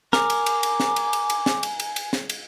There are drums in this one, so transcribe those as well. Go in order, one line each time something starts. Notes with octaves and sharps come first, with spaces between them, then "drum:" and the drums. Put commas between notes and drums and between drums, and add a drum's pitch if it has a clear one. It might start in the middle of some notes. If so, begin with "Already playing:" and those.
A#4 G#5 D6, drum: snare
drum: cymbal
drum: cymbal
drum: cymbal
drum: snare
drum: cymbal
drum: cymbal
drum: cymbal
drum: snare
drum: cymbal
drum: cymbal
drum: cymbal
drum: snare
drum: cymbal